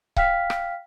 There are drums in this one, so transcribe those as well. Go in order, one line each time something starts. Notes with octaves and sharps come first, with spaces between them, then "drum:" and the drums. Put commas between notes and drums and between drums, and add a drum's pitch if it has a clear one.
F5 G5 F6 B6, drum: kick C#1
drum: rim click